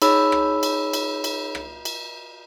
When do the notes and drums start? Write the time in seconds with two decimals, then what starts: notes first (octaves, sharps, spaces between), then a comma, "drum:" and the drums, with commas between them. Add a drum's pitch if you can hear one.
0.02 D#4 G#4 C#5 B5 E6, drum: cymbal
0.32 drum: rim click
0.63 drum: cymbal
0.93 drum: cymbal
1.24 drum: cymbal
1.55 drum: rim click
1.85 drum: cymbal